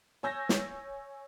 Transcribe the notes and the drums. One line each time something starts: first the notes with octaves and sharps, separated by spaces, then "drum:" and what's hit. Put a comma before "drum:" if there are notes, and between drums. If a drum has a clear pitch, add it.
C#5 G#5 E6 G6 A#6
drum: snare